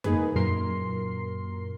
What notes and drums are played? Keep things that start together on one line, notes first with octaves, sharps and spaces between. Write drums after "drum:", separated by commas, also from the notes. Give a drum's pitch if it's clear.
A#3 D#4 G#4 B4, drum: tom F2
F#2 A#2 A#4 C6 C7